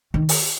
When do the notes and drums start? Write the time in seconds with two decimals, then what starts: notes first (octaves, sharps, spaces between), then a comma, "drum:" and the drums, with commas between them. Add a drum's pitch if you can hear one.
0.14 D#3
0.29 drum: open hi-hat